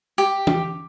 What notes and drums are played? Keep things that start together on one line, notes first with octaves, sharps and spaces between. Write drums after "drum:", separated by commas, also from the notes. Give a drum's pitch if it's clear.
G4
drum: tom